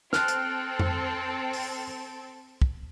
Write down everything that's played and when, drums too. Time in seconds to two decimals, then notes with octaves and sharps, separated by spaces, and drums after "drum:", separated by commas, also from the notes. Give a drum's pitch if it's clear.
0.13 C4 A4 F6 F#6, drum: snare
0.28 drum: hi-hat
0.79 drum: tom F2
1.53 drum: open hi-hat
2.62 drum: kick